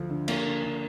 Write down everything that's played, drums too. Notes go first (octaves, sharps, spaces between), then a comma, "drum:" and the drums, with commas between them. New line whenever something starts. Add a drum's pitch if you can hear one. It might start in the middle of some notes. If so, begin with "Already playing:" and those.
Already playing: D2 F3
D3
A#3, drum: cymbal
D3
D3